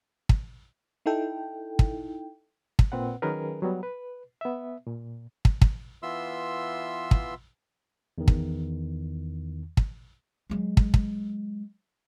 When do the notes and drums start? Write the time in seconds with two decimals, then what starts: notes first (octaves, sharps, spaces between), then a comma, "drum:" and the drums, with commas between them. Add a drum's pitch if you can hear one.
0.29 drum: kick
1.06 D#4 E4 A4 G5
1.79 drum: kick
2.79 drum: kick
2.92 A#2 C4 B4 F#5
3.22 D#3 F#3 C#4 G#4 A#4 B4
3.62 F#3 G3 B3
3.83 B4
4.41 B3 E5
4.87 A#2
5.45 drum: kick
5.61 drum: kick
6.03 E3 B3 F4 E5 C6 E6
7.11 drum: kick
8.18 E2 D#3
8.28 drum: kick
9.77 drum: kick
10.50 F#3 G#3
10.77 drum: kick
10.94 drum: kick